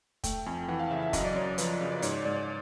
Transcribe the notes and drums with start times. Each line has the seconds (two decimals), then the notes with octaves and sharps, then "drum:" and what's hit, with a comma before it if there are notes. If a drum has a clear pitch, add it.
0.24 A3 G5, drum: kick, hi-hat
0.46 F2 G#5
0.68 E3 F#5
0.80 F5
0.90 C#3 E5
1.02 E5
1.13 F#2 D#5, drum: kick, hi-hat
1.25 D5
1.36 F#2 C#5
1.58 F3 B4, drum: hi-hat
1.81 C#3
1.92 D5
2.02 G#2 C#5, drum: hi-hat
2.13 D5
2.25 G#2 D5
2.36 D5